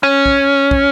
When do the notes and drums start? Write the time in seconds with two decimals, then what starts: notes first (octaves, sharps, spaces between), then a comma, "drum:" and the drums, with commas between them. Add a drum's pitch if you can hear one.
0.03 C#4
0.26 drum: kick
0.71 drum: kick